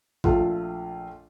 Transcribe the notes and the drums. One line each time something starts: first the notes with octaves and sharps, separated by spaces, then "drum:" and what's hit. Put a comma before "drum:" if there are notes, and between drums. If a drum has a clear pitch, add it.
A#1 A3 F4, drum: kick A1